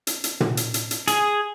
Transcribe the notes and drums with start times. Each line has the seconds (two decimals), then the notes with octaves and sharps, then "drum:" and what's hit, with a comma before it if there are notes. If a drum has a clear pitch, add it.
0.07 drum: hi-hat
0.24 drum: hi-hat
0.40 drum: tom
0.57 drum: hi-hat
0.74 drum: hi-hat
0.91 drum: hi-hat
1.08 G#4, drum: hi-hat